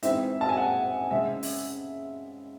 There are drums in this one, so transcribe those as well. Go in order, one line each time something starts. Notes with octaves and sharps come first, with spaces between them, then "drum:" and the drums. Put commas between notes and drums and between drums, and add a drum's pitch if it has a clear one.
G#2 E3 C4 E4 E5, drum: hi-hat
A5
G#5
F#5
C#3 G#3 C#4 E5
drum: open hi-hat